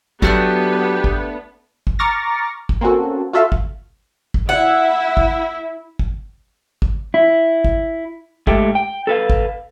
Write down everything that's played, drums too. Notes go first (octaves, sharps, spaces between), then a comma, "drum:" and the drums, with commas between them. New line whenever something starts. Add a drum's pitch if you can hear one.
F#3 A3 B3 D4 G4 F#6, drum: kick
drum: kick
drum: kick
A#5 C#6 D6 F6 A6 A#6
drum: kick
A#3 C4 C#4 F#4 A4
F4 F#4 A4 E5 F5
drum: kick
drum: kick
E4 F#5
drum: kick
drum: kick
drum: kick
E4
drum: kick
G#2 A3 G4, drum: kick
G5
A4 B4 F5
drum: kick